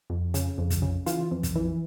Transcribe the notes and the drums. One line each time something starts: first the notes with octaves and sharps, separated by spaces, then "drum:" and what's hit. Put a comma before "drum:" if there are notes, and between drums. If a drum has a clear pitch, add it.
F2
C#3, drum: hi-hat
F2
drum: kick, hi-hat
C#3
E3 F4, drum: hi-hat
F2
drum: kick, hi-hat
E3